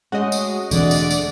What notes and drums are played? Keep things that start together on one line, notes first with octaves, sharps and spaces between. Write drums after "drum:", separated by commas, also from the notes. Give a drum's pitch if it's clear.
G#3 A3 C#4 F#4 D#5
drum: tambourine
E1 D3 E3 G#3 A3 C4 D5, drum: tambourine
drum: tambourine
drum: tambourine